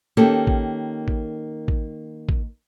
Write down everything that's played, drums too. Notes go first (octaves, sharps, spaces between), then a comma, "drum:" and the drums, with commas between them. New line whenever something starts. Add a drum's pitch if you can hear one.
D#3 A#3 C#4 G4 A4
drum: kick A1
drum: kick A1
drum: kick A1
drum: kick A1